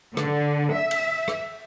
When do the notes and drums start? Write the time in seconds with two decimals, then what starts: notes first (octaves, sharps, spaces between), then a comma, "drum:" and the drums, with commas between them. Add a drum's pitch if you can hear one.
0.17 D3, drum: rim click
0.74 E5
0.91 drum: cymbal
1.28 drum: rim click